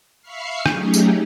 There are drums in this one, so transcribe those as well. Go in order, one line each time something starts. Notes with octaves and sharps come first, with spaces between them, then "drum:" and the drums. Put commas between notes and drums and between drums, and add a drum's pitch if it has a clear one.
E5 F5 B5 C#6 F6 C7
F#3 A3 C#4 D#4 G4 G#4, drum: rim click
drum: tambourine